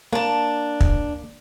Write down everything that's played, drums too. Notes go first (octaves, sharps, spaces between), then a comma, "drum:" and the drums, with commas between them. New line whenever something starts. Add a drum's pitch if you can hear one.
A#3 D4 A5
drum: kick